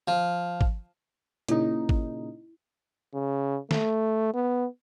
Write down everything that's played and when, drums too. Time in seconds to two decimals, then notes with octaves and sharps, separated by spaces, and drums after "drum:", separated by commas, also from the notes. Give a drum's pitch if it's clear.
0.08 F3
0.61 drum: kick
1.49 A#2 C#3 D#4 E4, drum: hi-hat
1.89 drum: kick
3.14 C#3
3.71 A3, drum: snare
4.34 B3